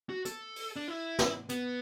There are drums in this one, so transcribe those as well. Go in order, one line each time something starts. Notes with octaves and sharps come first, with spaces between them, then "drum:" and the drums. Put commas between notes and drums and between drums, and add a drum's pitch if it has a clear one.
F#4
A4, drum: hi-hat
drum: open hi-hat
D4
E4
drum: snare
B3, drum: hi-hat